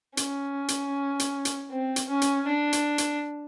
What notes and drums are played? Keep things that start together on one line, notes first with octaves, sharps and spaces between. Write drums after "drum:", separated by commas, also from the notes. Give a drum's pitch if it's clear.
C#4, drum: hi-hat
drum: hi-hat
drum: hi-hat
drum: hi-hat
C4
drum: hi-hat
C#4
drum: hi-hat
D4
drum: hi-hat
drum: hi-hat